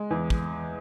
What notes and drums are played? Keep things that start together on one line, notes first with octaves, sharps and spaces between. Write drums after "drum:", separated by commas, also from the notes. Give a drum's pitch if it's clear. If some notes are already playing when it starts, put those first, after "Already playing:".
Already playing: G#3
E2
drum: kick